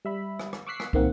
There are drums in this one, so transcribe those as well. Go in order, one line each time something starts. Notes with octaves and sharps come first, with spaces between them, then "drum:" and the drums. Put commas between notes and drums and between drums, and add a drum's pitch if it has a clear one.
G3 E5 B5
drum: rim click
drum: rim click
C#6 D6 E6 F#6 B6 C7
drum: rim click
A#1 D#3 A#3 C4 F#5, drum: kick